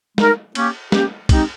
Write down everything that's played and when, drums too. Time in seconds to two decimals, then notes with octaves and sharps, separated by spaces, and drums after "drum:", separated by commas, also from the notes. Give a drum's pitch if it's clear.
0.18 G#3 D#4 A#4, drum: snare
0.55 A#3 C#4 G4, drum: cymbal
0.92 A#3 C#4 G4, drum: snare
1.29 G#3 C4 D#4 G4, drum: kick, cymbal